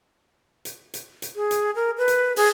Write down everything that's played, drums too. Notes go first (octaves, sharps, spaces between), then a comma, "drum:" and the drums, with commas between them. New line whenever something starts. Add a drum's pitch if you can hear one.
drum: hi-hat
drum: hi-hat
drum: hi-hat
G#4
drum: hi-hat
A#4
B4
drum: hi-hat
G#4, drum: open hi-hat